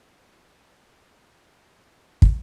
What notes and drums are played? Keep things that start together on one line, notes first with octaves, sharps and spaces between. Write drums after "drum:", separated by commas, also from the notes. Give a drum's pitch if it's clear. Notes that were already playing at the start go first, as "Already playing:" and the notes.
A#2
A3
B3 D4 D#4
drum: kick